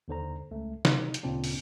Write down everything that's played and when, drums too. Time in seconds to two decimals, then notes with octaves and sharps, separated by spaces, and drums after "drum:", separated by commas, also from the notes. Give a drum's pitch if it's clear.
0.08 D#2 D3 C5 A#5
0.51 C#2 A3
0.85 C3 D#4, drum: snare
1.14 drum: hi-hat
1.23 D2 A#2 C#3 C4 D4
1.44 drum: open hi-hat